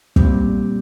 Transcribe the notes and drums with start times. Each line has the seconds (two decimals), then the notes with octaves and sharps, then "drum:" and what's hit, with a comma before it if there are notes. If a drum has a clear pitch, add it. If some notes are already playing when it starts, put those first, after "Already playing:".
0.16 A#2 G3 C4, drum: kick